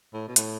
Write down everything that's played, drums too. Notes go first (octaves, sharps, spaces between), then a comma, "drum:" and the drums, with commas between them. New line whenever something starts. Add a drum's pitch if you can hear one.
A2
B2
A2, drum: hi-hat